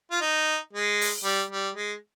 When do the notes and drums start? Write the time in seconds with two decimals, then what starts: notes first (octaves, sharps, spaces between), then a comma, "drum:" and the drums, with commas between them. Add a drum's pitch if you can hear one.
0.11 F4
0.21 D#4
0.73 G#3
1.01 drum: open hi-hat
1.24 G3
1.51 G3
1.75 G#3